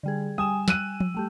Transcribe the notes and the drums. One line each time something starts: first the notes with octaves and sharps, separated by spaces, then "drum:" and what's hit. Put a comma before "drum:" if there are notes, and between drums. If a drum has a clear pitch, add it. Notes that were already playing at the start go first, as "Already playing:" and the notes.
D3 G3 G#4
G3 G#5 D#6 E7
E6 F#6 D#7, drum: snare
drum: tom F3
G3 A3 G4